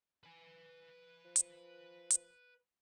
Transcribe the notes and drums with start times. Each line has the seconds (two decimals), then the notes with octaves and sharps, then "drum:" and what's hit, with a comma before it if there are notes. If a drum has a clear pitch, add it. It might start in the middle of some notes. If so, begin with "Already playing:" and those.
0.24 B4 G#5
1.25 F3
1.36 drum: hi-hat
2.10 drum: hi-hat